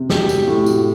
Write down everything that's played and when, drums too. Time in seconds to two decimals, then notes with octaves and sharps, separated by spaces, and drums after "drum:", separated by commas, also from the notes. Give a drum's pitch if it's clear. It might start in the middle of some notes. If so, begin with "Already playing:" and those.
Already playing: C3
0.10 F#3 G4, drum: snare
0.29 A2, drum: tambourine
0.48 A2
0.66 F#3, drum: tambourine